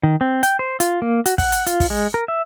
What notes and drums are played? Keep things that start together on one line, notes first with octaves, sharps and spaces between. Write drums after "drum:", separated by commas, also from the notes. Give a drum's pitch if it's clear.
D#3
C4
G5, drum: hi-hat
C5
F4, drum: hi-hat
A#3
F#4, drum: hi-hat
F#5, drum: kick, open hi-hat
drum: hi-hat
F4, drum: hi-hat
drum: kick, open hi-hat
G#3
A#4
E5